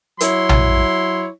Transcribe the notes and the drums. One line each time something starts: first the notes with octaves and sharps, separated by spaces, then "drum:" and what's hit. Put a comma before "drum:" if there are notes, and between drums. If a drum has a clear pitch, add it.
F#3 E4 C#5 C6, drum: hi-hat
drum: tom A#1